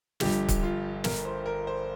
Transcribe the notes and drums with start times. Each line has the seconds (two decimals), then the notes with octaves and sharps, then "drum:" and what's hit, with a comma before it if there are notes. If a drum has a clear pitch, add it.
0.20 G1 G2 F3 G4, drum: snare
0.49 drum: kick C#1, hi-hat
0.63 F4
1.04 A#4, drum: snare
1.25 C5
1.46 A#4
1.67 C5